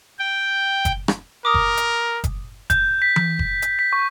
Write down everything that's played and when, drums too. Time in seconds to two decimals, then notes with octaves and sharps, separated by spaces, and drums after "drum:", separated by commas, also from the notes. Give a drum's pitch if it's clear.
0.19 G5
0.85 drum: kick F#1, hi-hat
1.08 drum: rim click
1.45 A#4 D6 D#6
1.54 drum: kick F#1
1.77 drum: hi-hat
2.24 drum: kick F#1, hi-hat
2.70 G6, drum: kick F#1, hi-hat
3.02 B6
3.16 drum: tom E3
3.39 drum: kick F#1
3.62 drum: hi-hat
3.79 B6
3.93 C#6